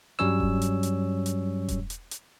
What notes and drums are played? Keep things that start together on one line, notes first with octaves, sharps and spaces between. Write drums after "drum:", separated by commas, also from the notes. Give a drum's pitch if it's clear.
G2 F#3 G3 C#4 C#5 E6
drum: kick E1
drum: hi-hat
drum: hi-hat
drum: hi-hat
drum: kick E1, hi-hat
drum: hi-hat
drum: hi-hat